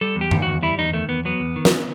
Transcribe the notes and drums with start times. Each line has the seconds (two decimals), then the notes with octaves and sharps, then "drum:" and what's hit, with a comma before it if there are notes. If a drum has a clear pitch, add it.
0.01 G3 A4
0.16 E2
0.21 G4
0.31 D#3, drum: tom F#2
0.42 E2 F#4
0.63 G3 E4
0.78 E2 D#4
0.93 D#3 A3
1.09 E2 B3
1.25 F#3 B3
1.40 E2
1.56 D#3
1.65 drum: snare